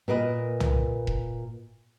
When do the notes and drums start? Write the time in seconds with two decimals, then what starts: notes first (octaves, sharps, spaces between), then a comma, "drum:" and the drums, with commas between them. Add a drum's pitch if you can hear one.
0.08 A#2 A#4 B4 D#5
0.60 drum: tom
1.07 drum: kick E1